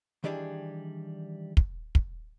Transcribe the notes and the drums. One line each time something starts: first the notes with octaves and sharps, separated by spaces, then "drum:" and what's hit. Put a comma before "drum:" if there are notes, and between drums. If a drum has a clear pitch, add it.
D#3 E3 G3 D4 G4 G#4
drum: kick
drum: kick